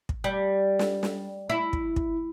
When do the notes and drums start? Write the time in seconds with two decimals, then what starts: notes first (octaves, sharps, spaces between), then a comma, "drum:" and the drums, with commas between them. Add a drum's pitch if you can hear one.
0.09 drum: kick
0.24 G3
0.79 drum: snare
1.03 drum: snare
1.50 E4
1.73 drum: kick
1.96 drum: kick